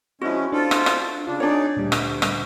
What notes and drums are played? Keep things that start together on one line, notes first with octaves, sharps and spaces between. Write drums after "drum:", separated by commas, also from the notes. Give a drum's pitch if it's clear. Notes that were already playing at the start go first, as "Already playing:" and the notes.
F3 G#3 C#4 E4 F#4
C4 D4 F4 A4
drum: rim click
drum: rim click
C#3 D4 F4
D4 D#4 G#4 C#5 D5
D2 A#2 G3
drum: rim click
drum: rim click